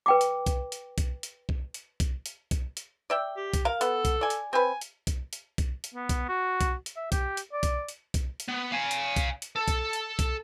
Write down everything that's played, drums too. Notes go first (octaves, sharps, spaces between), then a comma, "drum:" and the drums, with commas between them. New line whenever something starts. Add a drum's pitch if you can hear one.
B4 G5 D6
drum: hi-hat
drum: kick B1, hi-hat
drum: hi-hat
drum: kick B1, hi-hat
drum: hi-hat
drum: kick B1
drum: hi-hat
drum: kick B1, hi-hat
drum: hi-hat
drum: kick B1, hi-hat
drum: hi-hat
D5 E5 G5
G4
drum: kick B1, hi-hat
A#4 F5
B3 A4, drum: hi-hat
drum: kick B1, hi-hat
D5 G#5
drum: hi-hat
C4 B4 G#5
drum: hi-hat
drum: kick B1, hi-hat
drum: hi-hat
drum: kick B1, hi-hat
drum: hi-hat
B3
drum: kick B1, hi-hat
F#4
drum: kick B1, hi-hat
drum: hi-hat
E5
G4, drum: kick B1, hi-hat
drum: hi-hat
D5
drum: kick B1, hi-hat
drum: hi-hat
drum: kick B1, hi-hat
drum: hi-hat
B3
F5 G#5
drum: hi-hat
drum: kick B1, hi-hat
drum: hi-hat
A4
drum: kick B1, hi-hat
drum: hi-hat
drum: kick B1, hi-hat